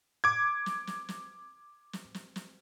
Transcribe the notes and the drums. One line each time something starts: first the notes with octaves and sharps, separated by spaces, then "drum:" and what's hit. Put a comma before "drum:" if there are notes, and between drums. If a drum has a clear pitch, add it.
D6 G#6
drum: snare
drum: snare
drum: snare
drum: snare
drum: snare
drum: snare